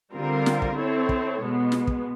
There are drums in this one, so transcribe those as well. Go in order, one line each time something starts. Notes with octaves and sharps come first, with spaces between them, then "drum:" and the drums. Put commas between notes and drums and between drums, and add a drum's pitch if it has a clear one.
D3 G3 C4 F4 A#4
drum: snare
drum: kick
C4 E4 A4 C#5
drum: kick
B2 G#3 B3
drum: snare
drum: kick